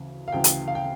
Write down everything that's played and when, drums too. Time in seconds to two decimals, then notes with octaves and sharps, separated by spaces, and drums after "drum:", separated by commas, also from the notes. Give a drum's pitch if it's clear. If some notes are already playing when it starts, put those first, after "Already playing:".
Already playing: D2 C#3 E3
0.28 F5
0.32 D2 C#3 E3 G5
0.44 drum: hi-hat
0.68 F5
0.75 G5